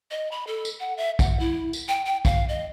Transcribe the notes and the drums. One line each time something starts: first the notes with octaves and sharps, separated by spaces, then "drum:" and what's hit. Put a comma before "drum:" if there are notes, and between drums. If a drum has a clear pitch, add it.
D#5
B5
A4
drum: tambourine
F#5
E5
F#5, drum: kick, tambourine
E4
drum: tambourine
G5
G5
F5, drum: kick, tambourine
D#5